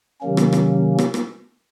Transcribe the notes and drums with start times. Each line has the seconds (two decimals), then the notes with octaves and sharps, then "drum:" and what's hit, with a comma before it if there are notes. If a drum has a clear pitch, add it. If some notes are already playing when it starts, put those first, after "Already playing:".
0.21 C3 D#3 F#3 A#3 C#4
0.37 drum: rim click
0.53 drum: rim click
0.98 drum: rim click
1.14 drum: rim click